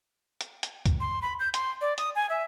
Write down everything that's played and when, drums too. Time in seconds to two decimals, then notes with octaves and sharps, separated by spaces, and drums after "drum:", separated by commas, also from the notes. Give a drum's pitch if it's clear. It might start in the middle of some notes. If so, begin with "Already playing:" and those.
0.41 drum: hi-hat
0.63 drum: hi-hat
0.86 drum: kick C#2, hi-hat
1.00 C6
1.22 B5
1.40 G6
1.54 C6, drum: hi-hat
1.81 D5
1.98 D#6, drum: hi-hat
2.15 G#5
2.30 E5